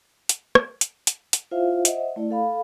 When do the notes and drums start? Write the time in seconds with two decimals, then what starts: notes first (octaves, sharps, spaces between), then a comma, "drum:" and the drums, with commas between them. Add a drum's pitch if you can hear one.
0.29 drum: hi-hat
0.55 drum: rim click
0.81 drum: hi-hat
1.07 drum: hi-hat
1.33 drum: hi-hat
1.51 E4 F4 C5 E5 F5
1.85 C5 D#5 E5 F#5, drum: hi-hat
2.16 A3 E4 D5
2.31 A4 F5 B5